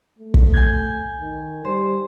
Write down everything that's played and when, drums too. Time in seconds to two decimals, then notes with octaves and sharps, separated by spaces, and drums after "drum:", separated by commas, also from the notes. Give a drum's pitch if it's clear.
0.19 A3
0.34 drum: kick
0.53 G#5 G6 G#6
1.21 D#3
1.65 G3 C5